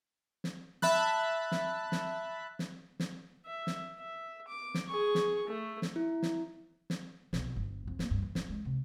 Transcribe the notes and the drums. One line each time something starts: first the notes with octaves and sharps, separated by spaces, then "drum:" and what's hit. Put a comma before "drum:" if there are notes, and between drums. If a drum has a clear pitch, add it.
drum: snare
E5 A5 B5 F#6, drum: snare
drum: snare
drum: snare
drum: snare
drum: snare
E5
drum: snare
E5
D6
drum: snare
G#4 C#6
drum: snare
A3
drum: snare
E4
drum: snare
drum: snare
B1, drum: snare
G1
F2
A#3, drum: snare
G2
E3
C#4, drum: snare
G#3
C3